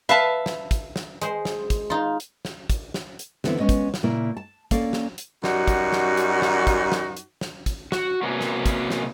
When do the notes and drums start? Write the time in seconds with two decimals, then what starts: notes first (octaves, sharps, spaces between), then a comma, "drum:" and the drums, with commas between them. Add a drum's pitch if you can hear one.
0.09 B4 E5 F5 A5
0.46 drum: snare
0.71 drum: kick, hi-hat
0.96 drum: snare
1.21 G#3 C5, drum: hi-hat
1.45 drum: snare
1.70 drum: kick, hi-hat
1.90 D#4 F4
2.20 drum: hi-hat
2.45 drum: snare
2.70 drum: kick, hi-hat
2.94 drum: snare
3.19 drum: hi-hat
3.44 D3 E3 B3 C4 E4, drum: snare
3.60 G#3 B3 C#4 D#5
3.69 drum: kick, hi-hat
3.94 drum: snare
4.03 A#2 C#3 A#3 C#4 E4
4.37 A5
4.71 A#3 C#4 A4 D5 F5, drum: kick, hi-hat
4.93 drum: snare
5.18 drum: hi-hat
5.44 F#2 G3 D#4 F#4, drum: snare
5.68 drum: kick, hi-hat
5.92 drum: snare
6.17 drum: hi-hat
6.42 drum: snare
6.67 drum: kick, hi-hat
6.92 drum: snare
7.17 drum: hi-hat
7.41 drum: snare
7.66 drum: kick, hi-hat
7.92 F#4, drum: snare
8.23 C3 A#3 B3 C#4 F#4 A#4
8.41 drum: snare
8.66 drum: kick, hi-hat
8.90 drum: snare